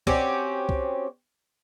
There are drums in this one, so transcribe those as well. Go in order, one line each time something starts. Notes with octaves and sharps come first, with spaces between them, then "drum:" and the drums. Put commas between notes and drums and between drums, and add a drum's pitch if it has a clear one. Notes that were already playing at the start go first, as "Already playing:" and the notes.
C4 C#4 F#4 G4, drum: kick C2
drum: kick C2